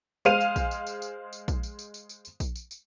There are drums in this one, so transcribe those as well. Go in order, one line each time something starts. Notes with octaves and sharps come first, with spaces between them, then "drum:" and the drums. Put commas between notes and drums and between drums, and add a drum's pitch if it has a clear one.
G#3 C5 F5 D#7 F7, drum: tambourine
drum: tambourine
drum: kick A#1, tambourine
drum: tambourine
drum: tambourine
drum: tambourine
drum: tambourine
drum: kick A#1, tambourine
drum: tambourine
drum: tambourine
drum: tambourine
drum: tambourine
drum: tambourine
drum: kick A#1, tambourine
drum: tambourine
drum: tambourine